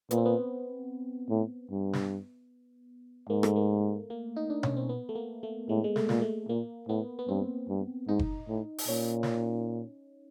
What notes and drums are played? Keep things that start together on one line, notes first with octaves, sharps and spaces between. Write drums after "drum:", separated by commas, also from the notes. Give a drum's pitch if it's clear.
A#2 B3, drum: hi-hat
C4
B3
A2
G2
drum: snare
G#2 A#3
A3, drum: rim click
A#3
A#3
D#4
D4
C#4, drum: tom B2
C4
B3
A3
A#3
A3
A2 G#3
G#3
A3, drum: snare
A#2, drum: snare
A3
A#2 A#3
A2 B3
B3
G2 C4
G2
G#2 D#4
drum: kick F#1
A2
drum: open hi-hat
A#2 C#4
drum: snare